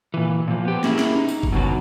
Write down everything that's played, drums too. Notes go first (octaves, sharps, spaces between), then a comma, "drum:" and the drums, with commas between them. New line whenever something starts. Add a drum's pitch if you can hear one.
A#2 E3
A#2 F3
B3 G4
A#3 C#4 E4 G#4, drum: snare
drum: snare
D#4
drum: tambourine
drum: kick G1
F#2 B2 D3 F#3